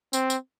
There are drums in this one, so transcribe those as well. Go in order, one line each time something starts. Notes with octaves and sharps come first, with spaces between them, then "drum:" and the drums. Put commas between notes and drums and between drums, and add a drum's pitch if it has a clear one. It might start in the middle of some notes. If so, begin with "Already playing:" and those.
C4, drum: tambourine
drum: tambourine